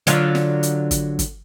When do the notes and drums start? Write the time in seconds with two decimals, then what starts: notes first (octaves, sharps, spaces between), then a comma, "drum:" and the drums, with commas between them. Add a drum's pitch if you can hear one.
0.07 D3 F#3 F4, drum: hi-hat
0.35 drum: snare
0.63 drum: hi-hat
0.91 drum: kick, hi-hat
1.19 drum: kick, hi-hat